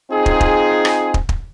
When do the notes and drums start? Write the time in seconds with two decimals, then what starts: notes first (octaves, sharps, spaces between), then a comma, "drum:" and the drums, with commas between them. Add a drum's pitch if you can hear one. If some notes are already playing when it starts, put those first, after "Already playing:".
0.11 C4 D#4 F4 G#4
0.26 drum: kick
0.41 drum: kick
0.85 drum: rim click
1.14 drum: kick
1.29 drum: kick